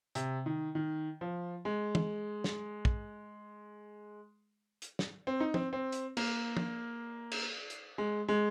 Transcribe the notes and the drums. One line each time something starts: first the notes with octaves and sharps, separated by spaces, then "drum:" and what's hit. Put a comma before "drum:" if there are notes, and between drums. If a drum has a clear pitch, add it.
C3, drum: hi-hat
D#3
D#3
F3
G#3
drum: tom E3
drum: snare
drum: kick
drum: hi-hat
drum: snare
C4
D#4
C4, drum: tom
C4
drum: hi-hat
A#3, drum: cymbal
drum: tom
drum: cymbal
drum: hi-hat
G#3
G#3